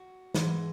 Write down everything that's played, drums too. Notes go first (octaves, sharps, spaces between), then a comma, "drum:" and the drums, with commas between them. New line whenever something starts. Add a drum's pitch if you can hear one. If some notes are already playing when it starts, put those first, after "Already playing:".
Already playing: F#4
G#2 E3 G#3 B4, drum: snare